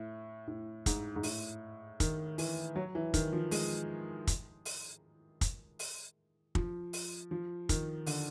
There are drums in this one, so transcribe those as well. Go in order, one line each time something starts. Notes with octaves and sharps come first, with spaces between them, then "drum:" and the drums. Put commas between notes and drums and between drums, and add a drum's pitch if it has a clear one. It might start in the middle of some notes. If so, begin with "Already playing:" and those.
Already playing: A2
A2
G#2, drum: kick, hi-hat
G#2
A2, drum: open hi-hat
D#3, drum: kick, hi-hat
E3, drum: open hi-hat
F#3
E3
D#3, drum: kick, hi-hat
F3
G#3, drum: open hi-hat
drum: kick, hi-hat
drum: open hi-hat
drum: kick, hi-hat
drum: open hi-hat
F3, drum: kick
drum: open hi-hat
F3
D#3, drum: kick, hi-hat
D3, drum: open hi-hat